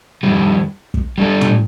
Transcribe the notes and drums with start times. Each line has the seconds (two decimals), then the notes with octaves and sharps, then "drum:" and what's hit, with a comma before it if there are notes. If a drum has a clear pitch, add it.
0.23 F2 D#3 G3
0.94 drum: kick
1.18 G3 D4 A4
1.41 drum: tom